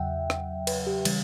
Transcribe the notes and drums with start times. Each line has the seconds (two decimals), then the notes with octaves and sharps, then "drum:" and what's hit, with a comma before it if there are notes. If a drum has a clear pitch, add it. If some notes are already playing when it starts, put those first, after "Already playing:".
Already playing: E2 C#3 F#3 E5 F#5 G5
0.30 drum: rim click
0.67 B4, drum: cymbal
0.87 G4
1.05 C#3 E3 G3, drum: cymbal